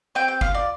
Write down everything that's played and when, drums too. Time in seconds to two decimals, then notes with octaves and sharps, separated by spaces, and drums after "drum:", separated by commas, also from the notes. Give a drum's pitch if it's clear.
0.15 C4 G5
0.28 G5
0.41 F4 F5, drum: kick
0.54 D5